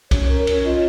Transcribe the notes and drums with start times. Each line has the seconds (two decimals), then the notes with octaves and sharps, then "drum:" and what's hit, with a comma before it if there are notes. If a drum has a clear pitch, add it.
0.11 C#4 C#5, drum: kick B1, cymbal
0.30 A#4
0.47 C#4, drum: cymbal
0.64 F4 D#5